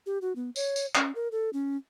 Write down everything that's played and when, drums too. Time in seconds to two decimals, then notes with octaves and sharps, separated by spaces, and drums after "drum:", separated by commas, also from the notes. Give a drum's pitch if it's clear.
0.06 G4
0.22 F#4
0.36 B3
0.56 C#5, drum: tambourine
0.76 drum: tambourine
0.95 C#4, drum: clap
1.15 A#4
1.32 A4
1.53 C#4